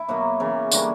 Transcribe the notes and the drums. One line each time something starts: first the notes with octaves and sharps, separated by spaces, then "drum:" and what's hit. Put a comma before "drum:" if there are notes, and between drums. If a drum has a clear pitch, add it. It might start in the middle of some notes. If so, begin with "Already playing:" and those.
Already playing: E4
B2 F#3 A#3 F#4
C#3 E3 A#3
D3 G3 A#3 C#4 F#4, drum: tambourine